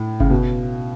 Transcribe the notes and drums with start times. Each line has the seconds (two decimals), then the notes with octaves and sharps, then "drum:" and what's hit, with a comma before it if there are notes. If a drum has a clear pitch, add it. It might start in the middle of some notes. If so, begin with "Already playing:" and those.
Already playing: A2
0.20 C#3, drum: kick G1
0.30 B2